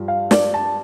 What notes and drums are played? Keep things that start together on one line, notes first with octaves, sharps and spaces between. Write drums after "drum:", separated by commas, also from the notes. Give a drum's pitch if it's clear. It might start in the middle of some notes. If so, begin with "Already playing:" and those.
Already playing: G2 F3
F5
D5, drum: snare
A5